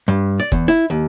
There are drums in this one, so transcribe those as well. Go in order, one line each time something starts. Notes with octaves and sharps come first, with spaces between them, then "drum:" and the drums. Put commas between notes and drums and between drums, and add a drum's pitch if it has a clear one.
G2
D5
E2, drum: kick F#1
E4
D#2